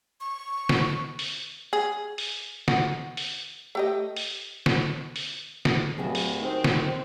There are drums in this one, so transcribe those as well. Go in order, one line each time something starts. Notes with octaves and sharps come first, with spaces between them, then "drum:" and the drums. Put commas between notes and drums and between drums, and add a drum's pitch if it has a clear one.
C#6
drum: snare
drum: open hi-hat
G#4
drum: open hi-hat
F#4, drum: snare
drum: open hi-hat
A3 G4 D#5
drum: open hi-hat
drum: snare
drum: open hi-hat
drum: snare
D1 C3 F#3 G#4
drum: open hi-hat
D#3 C4
drum: snare